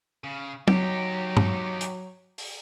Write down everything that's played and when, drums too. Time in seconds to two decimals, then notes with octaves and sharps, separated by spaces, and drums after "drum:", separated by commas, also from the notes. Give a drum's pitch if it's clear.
0.24 C#3
0.68 F#3 D#4 G4, drum: tom
1.37 drum: tom G2
1.81 drum: hi-hat
2.38 drum: open hi-hat